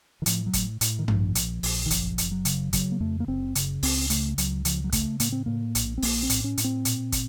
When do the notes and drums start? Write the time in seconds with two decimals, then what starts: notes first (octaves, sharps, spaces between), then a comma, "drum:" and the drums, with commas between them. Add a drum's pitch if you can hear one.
0.22 D#3
0.26 A2 F3, drum: hi-hat
0.46 F#3
0.53 A2, drum: kick, hi-hat
0.81 A2, drum: hi-hat
0.99 D#3
1.08 A#1 F3, drum: tom G2
1.35 A#1, drum: hi-hat
1.63 A#1, drum: open hi-hat
1.86 D#3
1.90 F#1 F3, drum: hi-hat
2.18 F#1, drum: hi-hat
2.31 F#3
2.45 C#3, drum: hi-hat
2.73 C#3 F#3, drum: kick, hi-hat
2.92 A#3
3.00 F2 A3
3.20 A#3
3.28 F#1 C4
3.55 C#3, drum: hi-hat
3.83 C#2 C4, drum: open hi-hat
4.10 C#3 A3, drum: hi-hat
4.38 C#2 F#3, drum: hi-hat
4.65 C#3 F3, drum: hi-hat
4.84 F#3
4.92 C#3 A3, drum: kick, hi-hat
5.20 A2 A#3, drum: hi-hat
5.32 C4
5.46 A2 A#3
5.75 A#1, drum: hi-hat
5.98 C4
6.02 A#1 A#3, drum: open hi-hat
6.23 C4
6.30 A2, drum: hi-hat
6.44 C#4
6.57 A2, drum: hi-hat
6.64 C4
6.85 A#2, drum: hi-hat
7.12 drum: kick, hi-hat